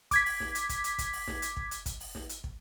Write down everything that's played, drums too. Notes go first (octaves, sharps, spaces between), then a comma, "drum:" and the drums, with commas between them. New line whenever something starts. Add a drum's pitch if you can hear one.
D6 G#6 B6, drum: kick, hi-hat
drum: open hi-hat
drum: snare
drum: hi-hat
drum: kick, hi-hat
drum: hi-hat
drum: kick, hi-hat
drum: open hi-hat
drum: snare
drum: hi-hat
drum: kick
drum: hi-hat
drum: kick, hi-hat
drum: open hi-hat
drum: snare
drum: hi-hat
drum: kick